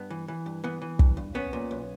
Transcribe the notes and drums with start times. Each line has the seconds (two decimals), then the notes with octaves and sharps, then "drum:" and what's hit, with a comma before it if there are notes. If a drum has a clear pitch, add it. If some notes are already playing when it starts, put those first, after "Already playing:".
Already playing: G2 B3
0.10 E3
0.28 E3
0.46 G2
0.64 E3 B3
0.82 E3
0.99 G2, drum: kick
1.17 G2
1.34 B1 B3 C#4
1.53 A#2
1.71 B1